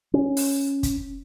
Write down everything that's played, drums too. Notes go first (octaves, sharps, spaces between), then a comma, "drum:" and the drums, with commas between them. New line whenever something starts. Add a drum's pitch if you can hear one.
C#4
drum: open hi-hat
drum: kick, hi-hat